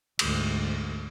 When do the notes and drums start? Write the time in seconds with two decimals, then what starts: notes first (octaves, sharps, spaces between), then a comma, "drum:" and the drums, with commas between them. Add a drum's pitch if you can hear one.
0.19 D2 G#2, drum: cymbal